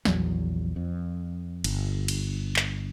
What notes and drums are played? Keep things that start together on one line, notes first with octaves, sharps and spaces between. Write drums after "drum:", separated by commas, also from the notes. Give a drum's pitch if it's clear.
A#1 E2 F#3, drum: snare
F2
G1, drum: cymbal
drum: cymbal
drum: clap